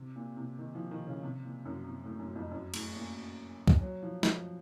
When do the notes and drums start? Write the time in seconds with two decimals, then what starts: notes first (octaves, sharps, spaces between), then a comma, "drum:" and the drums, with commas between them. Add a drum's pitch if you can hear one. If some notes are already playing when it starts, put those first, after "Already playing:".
Already playing: C3
0.16 A#2
0.37 C3
0.58 D#3
0.75 F3
0.91 D#3
1.07 C#3
1.23 C3
1.45 A#2
1.65 F#2
1.87 C3
2.04 A2
2.20 F#2
2.35 F2
2.51 F#2
2.74 A2, drum: cymbal
2.95 A#2
3.68 drum: kick
3.81 F#3
4.03 F3
4.23 F3, drum: snare